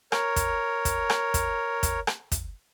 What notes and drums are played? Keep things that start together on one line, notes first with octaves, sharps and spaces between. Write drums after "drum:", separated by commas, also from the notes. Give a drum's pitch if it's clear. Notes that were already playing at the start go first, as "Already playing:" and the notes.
A#4 C#5, drum: rim click
drum: kick, hi-hat
drum: kick, hi-hat
drum: rim click
drum: kick, hi-hat
drum: kick, hi-hat
drum: rim click
drum: kick, hi-hat